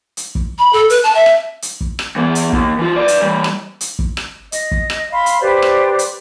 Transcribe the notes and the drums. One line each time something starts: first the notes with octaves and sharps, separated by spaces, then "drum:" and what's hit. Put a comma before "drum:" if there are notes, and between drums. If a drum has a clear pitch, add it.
drum: hi-hat
drum: kick
B5
A4
B4, drum: hi-hat
A5
E5
drum: rim click
drum: hi-hat
drum: kick
drum: rim click
E3 B3
drum: hi-hat
D#2, drum: kick
E3 F4
B4 D5
drum: hi-hat
E3 G3
drum: rim click
drum: hi-hat
drum: kick
drum: rim click
D#5, drum: hi-hat
drum: kick
drum: rim click
F5 B5 C6
drum: hi-hat
G4 B4 C5 D5
drum: rim click
drum: hi-hat